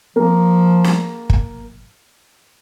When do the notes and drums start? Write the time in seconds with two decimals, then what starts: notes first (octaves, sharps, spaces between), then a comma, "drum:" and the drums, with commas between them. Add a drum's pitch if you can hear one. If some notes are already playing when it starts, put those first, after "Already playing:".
0.16 F3 A#3 A#4
0.84 drum: snare
1.30 drum: kick